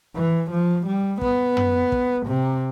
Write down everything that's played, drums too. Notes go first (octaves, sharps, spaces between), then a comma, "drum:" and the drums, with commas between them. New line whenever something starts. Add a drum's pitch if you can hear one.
E3
F3
G3
B3, drum: kick
drum: tom
drum: kick
C3